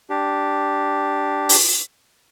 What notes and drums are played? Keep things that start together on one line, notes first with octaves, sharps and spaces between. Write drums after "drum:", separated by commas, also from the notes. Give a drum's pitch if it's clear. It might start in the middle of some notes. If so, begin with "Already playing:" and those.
D4 G4
drum: open hi-hat